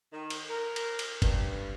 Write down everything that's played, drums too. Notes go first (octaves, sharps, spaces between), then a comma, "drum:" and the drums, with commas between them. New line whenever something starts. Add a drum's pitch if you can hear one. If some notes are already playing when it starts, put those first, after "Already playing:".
D#3
drum: cymbal
A#4
drum: cymbal
drum: cymbal
G2, drum: kick G1, cymbal